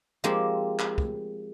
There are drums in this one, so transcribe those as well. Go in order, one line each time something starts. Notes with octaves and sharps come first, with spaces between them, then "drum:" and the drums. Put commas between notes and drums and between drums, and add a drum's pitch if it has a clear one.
F3 G#3 A#3 C4 G4
drum: clap
drum: kick